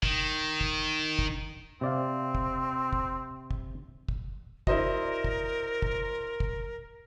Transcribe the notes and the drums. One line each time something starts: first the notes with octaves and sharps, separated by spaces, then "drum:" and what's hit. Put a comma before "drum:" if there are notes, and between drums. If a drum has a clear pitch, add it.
D#3, drum: kick
drum: kick
drum: kick
C3 C4 D5 F5
drum: kick
drum: kick
drum: kick
drum: kick
E4 F#4 A#4 C5 D5 D#5, drum: kick
drum: kick
drum: kick
drum: kick